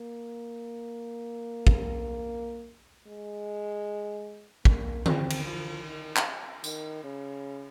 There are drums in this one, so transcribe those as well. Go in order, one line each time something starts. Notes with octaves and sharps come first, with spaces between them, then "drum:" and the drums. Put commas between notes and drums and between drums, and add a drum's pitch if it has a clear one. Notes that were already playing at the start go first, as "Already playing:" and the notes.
Already playing: A#3
drum: kick
G#3
A#3, drum: kick
C4, drum: tom D3
drum: cymbal
F3
D#3
drum: clap
D#3, drum: tambourine
C#3